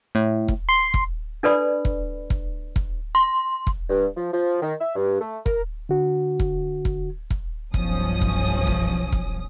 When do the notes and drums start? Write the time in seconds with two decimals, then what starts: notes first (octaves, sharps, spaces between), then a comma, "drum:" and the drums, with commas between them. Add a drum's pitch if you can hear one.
0.15 A2
0.48 drum: kick E1
0.69 C6
0.94 drum: kick E1
1.43 D4 A4 B4 D5 B5
1.85 drum: kick E1
2.30 drum: kick E1
2.76 drum: kick E1
3.15 C6
3.67 drum: kick E1
3.90 G2
4.16 F3
4.33 F3
4.62 D#3
4.80 E5
4.96 G2
5.20 A3
5.46 A#4, drum: kick E1
5.89 D3 F#4
6.39 drum: kick E1
6.85 drum: kick E1
7.30 drum: kick E1
7.74 B1 G2 F3 C#4 D#6, drum: kick E1
8.21 drum: kick E1
8.67 drum: kick E1
9.12 drum: kick E1